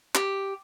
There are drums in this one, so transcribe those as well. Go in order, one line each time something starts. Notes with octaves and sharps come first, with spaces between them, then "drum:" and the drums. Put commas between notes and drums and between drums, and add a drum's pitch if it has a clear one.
G4, drum: clap